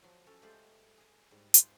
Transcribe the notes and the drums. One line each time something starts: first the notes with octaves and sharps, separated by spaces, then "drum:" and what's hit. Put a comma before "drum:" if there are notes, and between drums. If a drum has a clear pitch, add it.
F3 F#3
C#4 A4 C#5
G#3 A3 F4 G4 C5 D5
G#4 D#5
G#2 G3
F4 B4 C5 G#5, drum: hi-hat